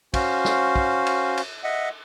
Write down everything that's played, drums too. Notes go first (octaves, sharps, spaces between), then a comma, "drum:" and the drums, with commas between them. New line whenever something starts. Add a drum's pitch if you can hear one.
C#4 F#4 C5 F5, drum: kick, cymbal
drum: snare
drum: kick
drum: cymbal
drum: cymbal
D#5 E5 F#5